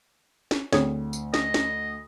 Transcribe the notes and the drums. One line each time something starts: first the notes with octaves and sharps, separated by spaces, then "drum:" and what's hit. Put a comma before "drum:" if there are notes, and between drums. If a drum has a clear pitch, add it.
drum: snare
D2 C4 G#4 C#5, drum: snare
drum: tambourine
D#5, drum: snare
drum: snare